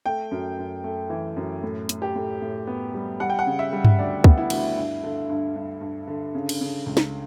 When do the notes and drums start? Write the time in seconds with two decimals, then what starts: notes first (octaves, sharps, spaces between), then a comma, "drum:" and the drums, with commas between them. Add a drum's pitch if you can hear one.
0.06 A3 G5
0.31 F#2
0.59 F#2
0.84 A3
1.10 E3
1.37 F#2
1.63 A2
1.89 A2, drum: hi-hat
2.02 G4
2.15 A2
2.42 A2
2.67 B3
2.94 G3
3.20 G3 F#5
3.30 G5
3.39 F#5
3.47 C#3
3.59 E5
3.73 G3
3.84 drum: tom G2
3.99 D2 D5
4.24 B3, drum: kick
4.38 E4
4.50 D2, drum: cymbal
4.77 G2
5.03 D3
5.29 G2
5.56 G2
5.81 G2
6.07 D3
6.35 C#3
6.49 drum: cymbal
6.61 C#3
6.86 C#2
6.97 drum: snare